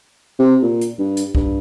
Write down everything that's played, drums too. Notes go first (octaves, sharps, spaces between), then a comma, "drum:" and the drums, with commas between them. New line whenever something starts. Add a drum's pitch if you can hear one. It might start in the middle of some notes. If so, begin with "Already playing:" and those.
C3
A#2
drum: hi-hat
G2
drum: hi-hat
G2, drum: kick C2